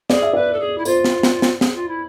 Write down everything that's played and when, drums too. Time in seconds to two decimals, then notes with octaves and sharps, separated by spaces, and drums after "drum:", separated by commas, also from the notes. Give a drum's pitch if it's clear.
0.10 G#4 D5, drum: snare
0.22 E5
0.33 B4 D5
0.53 A4
0.60 G#4
0.78 E4
0.85 F4 C5, drum: tambourine
1.04 drum: snare
1.23 drum: snare
1.42 drum: snare
1.61 G#4, drum: snare
1.75 F4
1.88 E4